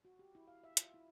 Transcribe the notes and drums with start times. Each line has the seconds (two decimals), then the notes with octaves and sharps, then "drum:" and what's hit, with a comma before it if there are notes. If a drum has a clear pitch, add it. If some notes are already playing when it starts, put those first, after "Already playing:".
0.05 F#4
0.19 G4
0.35 E4
0.47 F5
0.64 E5
0.77 F4, drum: hi-hat
0.94 E4